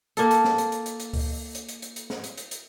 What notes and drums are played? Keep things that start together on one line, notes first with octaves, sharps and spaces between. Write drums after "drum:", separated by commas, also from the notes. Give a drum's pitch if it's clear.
A#3 A4, drum: hi-hat
drum: hi-hat
drum: snare
drum: hi-hat
drum: hi-hat
drum: hi-hat
drum: hi-hat
drum: kick C#2, open hi-hat
drum: hi-hat
drum: hi-hat
drum: hi-hat
drum: hi-hat
drum: snare
drum: hi-hat
drum: hi-hat
drum: hi-hat